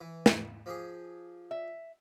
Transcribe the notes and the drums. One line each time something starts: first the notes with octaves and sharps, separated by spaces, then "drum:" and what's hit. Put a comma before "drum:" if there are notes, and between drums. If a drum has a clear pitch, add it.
E3
drum: snare
F3 G4 G#4
E5